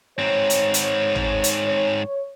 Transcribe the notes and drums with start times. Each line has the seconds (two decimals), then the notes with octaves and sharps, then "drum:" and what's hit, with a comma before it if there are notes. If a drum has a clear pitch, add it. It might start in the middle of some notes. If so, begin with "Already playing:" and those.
0.19 G#2 C4 C#5
0.50 drum: hi-hat
0.74 drum: hi-hat
1.15 drum: tom
1.44 drum: hi-hat